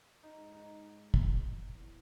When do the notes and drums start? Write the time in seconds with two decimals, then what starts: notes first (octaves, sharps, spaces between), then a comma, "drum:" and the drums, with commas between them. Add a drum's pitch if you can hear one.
0.23 D#4
0.38 G#2
0.53 D#4
1.14 drum: kick
1.74 E2